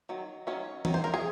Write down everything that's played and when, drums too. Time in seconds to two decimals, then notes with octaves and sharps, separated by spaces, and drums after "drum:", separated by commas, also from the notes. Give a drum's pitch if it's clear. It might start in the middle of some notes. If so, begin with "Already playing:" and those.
0.09 D#3 F#3
0.47 D#3 F#3 C#4
0.85 D#3 F#3, drum: tom E3
0.94 C5
1.04 A#4
1.14 G#4